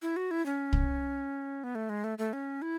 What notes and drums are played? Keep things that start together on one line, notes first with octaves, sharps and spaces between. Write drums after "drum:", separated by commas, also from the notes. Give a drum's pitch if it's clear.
E4
F#4
E4
C#4
drum: kick
B3
A3
G#3
A3
A3
C#4
E4